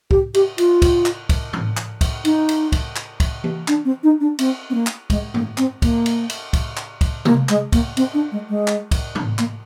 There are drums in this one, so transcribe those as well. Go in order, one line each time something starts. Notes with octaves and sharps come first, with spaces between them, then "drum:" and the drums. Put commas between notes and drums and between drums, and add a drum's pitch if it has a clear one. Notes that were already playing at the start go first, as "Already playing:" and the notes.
G4, drum: kick
G4, drum: cymbal
F4, drum: cymbal
drum: kick, cymbal
drum: clap
drum: kick, cymbal
drum: tom G#2
drum: clap
drum: kick, cymbal
D#4, drum: cymbal
drum: cymbal
drum: kick, cymbal
drum: clap
drum: kick, cymbal
drum: tom E3
D4, drum: clap
C4
D#4
D4
C4, drum: cymbal
C4
A#3
drum: clap
G#3, drum: kick, cymbal
A#3, drum: tom
C4, drum: clap
A#3, drum: kick, cymbal
drum: cymbal
drum: cymbal
drum: kick, cymbal
drum: clap
drum: kick, cymbal
A#3, drum: tom C3
G#3, drum: clap
A#3, drum: kick, cymbal
C4, drum: cymbal
D4
G#3
G#3
drum: clap
drum: kick, cymbal
drum: tom G#2
A#3, drum: clap